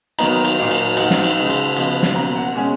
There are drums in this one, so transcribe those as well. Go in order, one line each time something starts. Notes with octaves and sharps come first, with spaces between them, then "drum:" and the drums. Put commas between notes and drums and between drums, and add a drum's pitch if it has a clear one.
D#3 F#3 B3 D#4 A#5, drum: cymbal
drum: cymbal
A#2 F#3 A#3 D#4
drum: cymbal
D#3 A#3 D#4 F#5, drum: cymbal
drum: snare
drum: cymbal
C#3 G#3 D#4
drum: cymbal
C#3 F3 B3 D#4, drum: cymbal
drum: snare
B2 A#3 C#4 A#5
F#5
B2 G#3 C#4 G#5